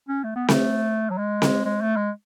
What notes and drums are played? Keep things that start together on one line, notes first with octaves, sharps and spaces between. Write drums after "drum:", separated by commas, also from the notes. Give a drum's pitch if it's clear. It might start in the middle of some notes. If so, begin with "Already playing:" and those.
C#4
A3
B3
A3, drum: snare C4
F#3
G#3
drum: snare C4
G#3
A3
G#3